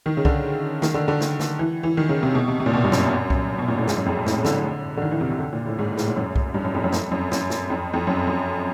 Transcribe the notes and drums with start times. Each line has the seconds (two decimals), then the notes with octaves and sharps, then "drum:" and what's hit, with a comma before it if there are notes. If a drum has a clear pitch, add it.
0.06 D#3
0.17 C#3
0.25 D3, drum: kick C2
0.82 D#3, drum: snare
0.94 D3
1.08 D3
1.20 drum: snare
1.39 drum: snare
1.59 E3
1.83 E3
1.97 D#3
2.09 C#3
2.23 C3
2.35 B2
2.48 C3
2.60 C3
2.66 A#2
2.74 B2
2.84 G2
2.92 F#2, drum: snare
3.30 drum: kick C2
3.58 B2
3.68 A#2
3.78 A2
3.87 G#2, drum: snare
3.96 F#2
4.06 F2
4.26 A2, drum: snare
4.44 D3, drum: snare
4.97 D3
5.02 D#3
5.11 E3
5.21 C3
5.31 C3
5.40 D3
5.53 A#2
5.66 A2
5.79 G#2
5.97 A2, drum: snare
6.07 A#2
6.16 F#2
6.36 drum: kick C2
6.54 G2
6.64 F#2
6.74 F2
6.84 F#2
6.92 F2, drum: snare
7.11 F#2
7.31 F#2, drum: snare
7.50 drum: snare
7.70 F2
7.93 F2
8.07 F#2
8.27 F#2